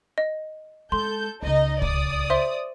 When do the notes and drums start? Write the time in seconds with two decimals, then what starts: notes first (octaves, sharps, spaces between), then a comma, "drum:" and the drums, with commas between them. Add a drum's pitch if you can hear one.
0.18 D#5
0.92 G#3 A4 C6 G6
1.42 C#2 C#3 D#4 D#5
1.82 D5 D#6, drum: kick C2
2.30 C5 E5 C6